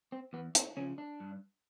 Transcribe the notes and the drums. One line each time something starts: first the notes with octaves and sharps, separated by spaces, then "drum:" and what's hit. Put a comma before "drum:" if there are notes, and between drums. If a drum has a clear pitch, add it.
C4
E2 B3
C4, drum: hi-hat
C#3 F3 C#4
D4
G2